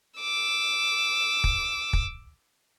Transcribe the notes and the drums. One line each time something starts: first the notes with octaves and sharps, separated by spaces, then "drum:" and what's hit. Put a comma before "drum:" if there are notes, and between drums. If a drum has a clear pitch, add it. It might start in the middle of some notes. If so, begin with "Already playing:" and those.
D6 E6
drum: kick
drum: kick